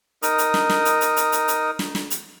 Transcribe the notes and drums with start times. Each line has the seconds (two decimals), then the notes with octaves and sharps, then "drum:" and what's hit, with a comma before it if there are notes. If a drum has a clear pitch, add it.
0.23 D#4 A#4 D#6, drum: hi-hat
0.38 drum: hi-hat
0.54 drum: snare
0.69 drum: snare
0.85 drum: hi-hat
1.01 drum: hi-hat
1.16 drum: hi-hat
1.32 drum: hi-hat
1.48 drum: hi-hat
1.79 drum: snare
1.95 drum: snare
2.10 drum: hi-hat